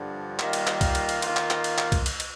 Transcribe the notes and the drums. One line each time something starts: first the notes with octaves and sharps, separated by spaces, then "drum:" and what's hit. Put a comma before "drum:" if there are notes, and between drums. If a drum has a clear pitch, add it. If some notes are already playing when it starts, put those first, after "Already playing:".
Already playing: G2 D3 F3
D#3 G3 A#3 F4, drum: clap
drum: cymbal
drum: clap
drum: kick C2, cymbal
drum: cymbal
drum: cymbal
D#3 A#3 F4, drum: cymbal
drum: clap
drum: clap
drum: cymbal
drum: clap
drum: kick C2, cymbal
drum: cymbal
drum: cymbal